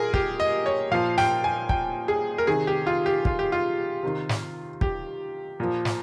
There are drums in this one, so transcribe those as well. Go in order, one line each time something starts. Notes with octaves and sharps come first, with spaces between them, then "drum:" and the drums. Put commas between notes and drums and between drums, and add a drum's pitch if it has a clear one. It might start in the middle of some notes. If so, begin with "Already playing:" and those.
Already playing: A#2 G#4 A#4
G4, drum: kick
D#5
C#5
A#2 F3 F5
G5, drum: snare
G#5
G5, drum: kick
G#4
A#4
C3 D#3 G#4
G4
F4
G4
F4, drum: kick
G4
F4
C3 D#3
drum: snare
G4, drum: kick
A#2 F3
drum: snare